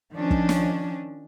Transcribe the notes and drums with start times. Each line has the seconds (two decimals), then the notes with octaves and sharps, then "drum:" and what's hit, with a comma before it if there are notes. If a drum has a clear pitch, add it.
0.12 D#3 F3 C#4 D4
0.31 drum: kick
0.49 drum: snare